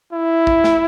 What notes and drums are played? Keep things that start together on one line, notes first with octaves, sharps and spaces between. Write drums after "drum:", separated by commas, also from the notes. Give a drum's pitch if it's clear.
E4
drum: kick
drum: snare